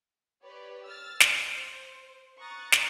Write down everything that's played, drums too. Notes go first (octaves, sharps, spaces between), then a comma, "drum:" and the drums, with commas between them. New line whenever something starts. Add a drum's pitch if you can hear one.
G4 B4 C#5 D5
E6 F6 A6
drum: snare
C5
A#5 C#6 D#6 F#6 A6
drum: snare